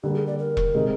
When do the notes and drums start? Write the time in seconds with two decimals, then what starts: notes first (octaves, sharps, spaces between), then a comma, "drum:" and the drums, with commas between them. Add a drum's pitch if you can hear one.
0.03 D3 G3 A#3 G4
0.15 G#4
0.27 D5
0.39 A#4
0.57 drum: kick E1
0.75 C3 D#3 G#3 D#4 G#4